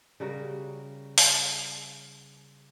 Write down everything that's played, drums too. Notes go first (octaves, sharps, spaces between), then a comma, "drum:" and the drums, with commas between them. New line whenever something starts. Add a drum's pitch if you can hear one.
C#3 G3 F#4 A#4
drum: open hi-hat